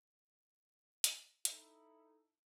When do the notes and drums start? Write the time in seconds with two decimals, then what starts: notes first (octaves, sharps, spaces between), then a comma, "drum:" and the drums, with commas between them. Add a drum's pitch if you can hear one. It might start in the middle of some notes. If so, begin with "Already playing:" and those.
1.04 drum: hi-hat
1.45 D#4 E4 A4, drum: hi-hat